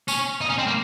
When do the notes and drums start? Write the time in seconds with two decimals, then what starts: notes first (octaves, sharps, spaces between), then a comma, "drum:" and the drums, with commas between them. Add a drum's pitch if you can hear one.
0.08 C#4, drum: tambourine
0.41 D#4
0.49 C#4
0.58 C4
0.67 A#3